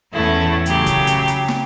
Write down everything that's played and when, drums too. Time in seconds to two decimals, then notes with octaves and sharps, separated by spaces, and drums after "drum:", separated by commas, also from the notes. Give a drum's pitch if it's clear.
0.12 E2 A2 A3 C#4 E4
0.66 C#3 F#3 G4, drum: hi-hat
0.86 drum: kick, hi-hat
1.07 drum: hi-hat
1.28 drum: hi-hat
1.48 drum: snare